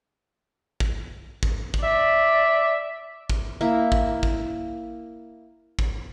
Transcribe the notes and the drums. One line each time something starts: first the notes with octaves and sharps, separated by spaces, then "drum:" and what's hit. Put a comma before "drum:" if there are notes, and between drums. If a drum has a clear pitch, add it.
drum: kick
drum: kick
drum: kick
D5 E5
drum: kick
A#3 E4 E5
drum: kick
drum: kick
drum: kick